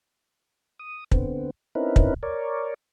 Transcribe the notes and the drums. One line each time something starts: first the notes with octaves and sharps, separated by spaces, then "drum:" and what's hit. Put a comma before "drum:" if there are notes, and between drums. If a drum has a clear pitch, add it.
D#6
D3 B3 C4, drum: kick
C4 C#4 D#4 E4 A#4 B4
drum: kick
A#4 C#5 D5